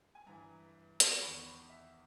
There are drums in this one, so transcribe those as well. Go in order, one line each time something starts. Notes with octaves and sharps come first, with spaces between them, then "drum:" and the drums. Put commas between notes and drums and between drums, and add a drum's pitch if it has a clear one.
G#5
G2 E3 A#5
drum: hi-hat
C#6
E2 D#3 B5
C#6
B5
E5